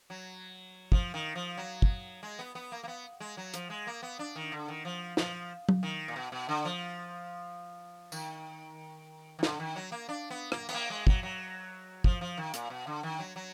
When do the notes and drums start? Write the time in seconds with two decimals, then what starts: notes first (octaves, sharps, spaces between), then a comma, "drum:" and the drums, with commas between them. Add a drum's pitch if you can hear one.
0.10 F#3
0.92 F3, drum: kick
1.14 D#3
1.35 F3
1.58 F#3
1.82 drum: kick
2.23 G#3
2.39 B3
2.55 B3
2.72 A#3
2.84 A#3
2.88 B3
3.20 G#3
3.37 F#3
3.54 F3, drum: hi-hat
3.70 G#3
3.87 A#3
4.03 B3
4.19 D4
4.36 D#3
4.52 D3
4.68 D#3
4.85 F3
5.17 F3, drum: snare
5.69 drum: tom F#3
5.83 D#3
6.08 A#2
6.16 B2
6.32 B2
6.49 D3
6.65 F3
8.12 D#3, drum: tambourine
9.39 D#3
9.43 D3, drum: snare
9.60 D#3
9.76 F#3
9.92 A#3
10.09 D4
10.30 B3
10.52 A#3, drum: rim click
10.69 B3, drum: cymbal
10.74 A#3
10.90 G#3
11.07 F#3, drum: kick
11.23 F#3
12.04 F3, drum: kick
12.21 F3
12.37 D#3
12.54 A#2, drum: hi-hat
12.70 B2
12.87 D3
13.03 D#3
13.19 F#3
13.36 F#3